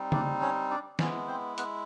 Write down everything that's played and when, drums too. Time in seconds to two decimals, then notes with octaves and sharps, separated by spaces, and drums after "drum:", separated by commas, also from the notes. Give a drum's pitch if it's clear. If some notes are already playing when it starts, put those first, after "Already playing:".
Already playing: G3 C4 D#4
0.12 D4 D5, drum: tom C#3
0.41 C#4 C#5
0.70 D4 D5
0.99 G#3 B3 C#4 E4 C#5, drum: snare
1.28 C4 C5
1.58 B3 B4, drum: hi-hat